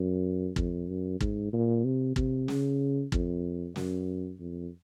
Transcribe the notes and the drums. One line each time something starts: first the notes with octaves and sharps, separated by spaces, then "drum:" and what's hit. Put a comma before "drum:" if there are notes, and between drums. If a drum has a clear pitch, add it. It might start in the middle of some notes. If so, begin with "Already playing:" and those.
Already playing: F#2
F2, drum: kick
F#2
G#2, drum: kick
A#2
C3
C3, drum: kick
C#3, drum: snare
F2, drum: kick
F#2, drum: snare
F2